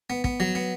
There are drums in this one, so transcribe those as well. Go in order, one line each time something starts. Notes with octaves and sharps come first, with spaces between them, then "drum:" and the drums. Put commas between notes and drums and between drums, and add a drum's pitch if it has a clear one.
B3
B3, drum: kick
F#3
B3